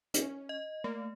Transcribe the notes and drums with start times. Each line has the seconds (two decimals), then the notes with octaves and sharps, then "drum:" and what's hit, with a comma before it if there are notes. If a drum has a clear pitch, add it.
0.14 C#4, drum: hi-hat
0.49 D#5
0.84 A3 A#3